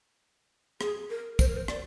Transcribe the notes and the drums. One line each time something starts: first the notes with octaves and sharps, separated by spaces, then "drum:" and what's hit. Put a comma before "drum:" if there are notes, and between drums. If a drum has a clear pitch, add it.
G#4, drum: rim click
A#4
C5, drum: kick, tambourine
A#4
C5
D5, drum: rim click